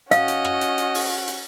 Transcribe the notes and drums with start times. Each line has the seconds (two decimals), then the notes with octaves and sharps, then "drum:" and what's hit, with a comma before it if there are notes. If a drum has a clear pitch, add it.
0.11 C#4 F#4 D#5 F5, drum: hi-hat
0.28 drum: hi-hat
0.45 drum: rim click
0.61 drum: hi-hat
0.78 drum: hi-hat
0.94 drum: open hi-hat
1.28 drum: hi-hat